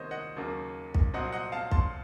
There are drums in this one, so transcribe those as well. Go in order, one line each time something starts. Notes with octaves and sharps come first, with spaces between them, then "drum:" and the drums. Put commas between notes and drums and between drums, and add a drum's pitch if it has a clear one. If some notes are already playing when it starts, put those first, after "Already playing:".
Already playing: C2 C3 D#3 A#3 C5 C#5 D#5
D#5 F#5
D#2 C#3 F#3 A#3
drum: kick
C2 A#2 F#3 C4 D#5 F#5
D#5 F#5
F5 A5
A5 C6, drum: kick